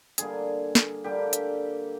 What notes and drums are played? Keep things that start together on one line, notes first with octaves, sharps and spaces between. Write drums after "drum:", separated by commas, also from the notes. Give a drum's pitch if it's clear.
D3 G3 A#3 G#4, drum: hi-hat
drum: snare
D3 G3 A#3 G4
drum: hi-hat